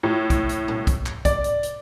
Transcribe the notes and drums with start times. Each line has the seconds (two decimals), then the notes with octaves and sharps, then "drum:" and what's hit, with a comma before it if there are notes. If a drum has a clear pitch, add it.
0.03 A2
0.30 drum: kick, hi-hat
0.49 drum: hi-hat
0.68 drum: tom A2
0.87 drum: kick, hi-hat
1.06 drum: clap
1.25 D5, drum: kick, hi-hat
1.44 drum: hi-hat
1.63 drum: hi-hat